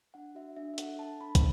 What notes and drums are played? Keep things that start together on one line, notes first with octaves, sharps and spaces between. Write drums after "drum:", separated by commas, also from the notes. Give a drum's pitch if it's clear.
D4 F#5
F#4 E5
D4 E5
E5
A4 F#5, drum: hi-hat
A4 A5
D4 B5
drum: kick, hi-hat